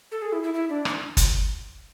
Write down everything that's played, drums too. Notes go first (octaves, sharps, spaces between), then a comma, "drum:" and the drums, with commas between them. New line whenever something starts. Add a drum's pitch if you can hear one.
A4
G#4
E4
E4
E4
D4
drum: rim click
drum: kick, hi-hat